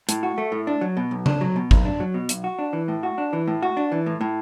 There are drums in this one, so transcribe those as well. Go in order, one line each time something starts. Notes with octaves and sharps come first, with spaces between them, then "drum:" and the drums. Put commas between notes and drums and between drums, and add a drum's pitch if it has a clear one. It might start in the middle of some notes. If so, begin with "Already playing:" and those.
A2, drum: hi-hat
F#4
A3
A2
D4
F#3
B2
B1
D4, drum: tom C#3
F#3
B2
B1, drum: kick G#1
D4
F#3
B2
B1, drum: hi-hat
F#4
D4
E3
A2
F#4
D4
E3
A2
F#4
D4
E3
A2
A2